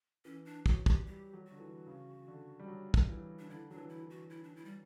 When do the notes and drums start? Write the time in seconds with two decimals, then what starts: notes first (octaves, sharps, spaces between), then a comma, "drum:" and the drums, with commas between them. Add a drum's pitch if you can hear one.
0.25 E3 C#4
0.45 D4
0.66 F#3 F#4, drum: kick
0.86 G4, drum: kick
1.05 G3 G4
1.33 F#3
1.47 D3 F#4
1.60 E3
1.87 C#3
2.28 D3
2.60 G3
2.68 F#3
2.94 drum: kick
3.09 E3
3.39 D4
3.49 D3 E4
3.70 F#3 D4
3.77 E3
3.89 E4
4.03 E3
4.10 F#4
4.30 E4
4.43 D4
4.56 E4
4.65 G3